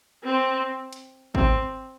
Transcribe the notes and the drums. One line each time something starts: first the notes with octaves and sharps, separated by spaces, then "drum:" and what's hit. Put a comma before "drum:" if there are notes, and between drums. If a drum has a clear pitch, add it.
C4
drum: hi-hat
C4, drum: kick G#1